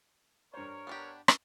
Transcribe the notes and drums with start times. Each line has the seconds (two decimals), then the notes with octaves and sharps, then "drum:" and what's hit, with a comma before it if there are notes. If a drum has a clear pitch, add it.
0.54 G2 A#4 C5 C#5
0.87 B3 D4 G4
1.28 drum: rim click